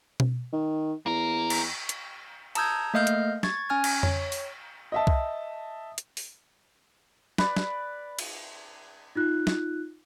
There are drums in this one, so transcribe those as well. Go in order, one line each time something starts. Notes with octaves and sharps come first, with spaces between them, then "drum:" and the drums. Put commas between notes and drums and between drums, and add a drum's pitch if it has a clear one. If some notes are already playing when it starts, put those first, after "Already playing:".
drum: tom B2
D#3
E2 A#3 A#4
drum: cymbal
drum: hi-hat
A5 A#5 D#6 E6 G6 G#6, drum: cymbal
A3 A#3 D#5 F5 F6 G6
drum: hi-hat
C#6 G#6 A6, drum: snare
C#4 G#5 F6 G#6
drum: cymbal
C#5, drum: tom F2
drum: open hi-hat
D#5 E5 A5
drum: kick C2
drum: hi-hat
drum: open hi-hat
B4 D5, drum: snare
drum: snare
drum: cymbal
D#4 F4 F#6
drum: snare